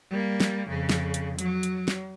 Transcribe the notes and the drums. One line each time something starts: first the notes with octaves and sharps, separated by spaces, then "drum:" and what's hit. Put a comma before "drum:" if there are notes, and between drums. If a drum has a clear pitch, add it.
G3 A#3
drum: snare
F2 C#3
drum: snare
drum: hi-hat
F#3, drum: hi-hat
drum: hi-hat
drum: snare